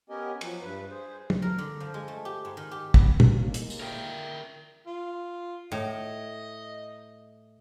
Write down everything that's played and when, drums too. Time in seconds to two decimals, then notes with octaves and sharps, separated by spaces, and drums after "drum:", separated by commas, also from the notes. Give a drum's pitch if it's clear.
0.10 B3 C#4 G4 A#4 D#5 G#5
0.41 F3 F#3, drum: cymbal
0.61 G2 B4
0.90 G#4 C5
1.30 drum: tom
1.42 A#4
1.58 D3
1.80 F3
1.94 G#3
2.08 A3
2.25 G4
2.45 G#2
2.57 D#3
2.71 G4
2.94 B3, drum: kick
3.20 drum: tom
3.31 D#2 G#3 A#3
3.54 drum: hi-hat
3.70 drum: tambourine
3.80 A#4 E5 G5
4.86 F4
5.72 A2 D#5